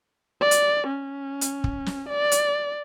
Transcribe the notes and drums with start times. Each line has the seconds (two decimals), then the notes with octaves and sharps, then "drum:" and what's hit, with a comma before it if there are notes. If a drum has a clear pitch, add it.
0.41 D5
0.51 drum: hi-hat
0.87 C#4
1.41 drum: hi-hat
1.64 drum: kick
1.86 drum: snare
2.09 D5
2.32 drum: hi-hat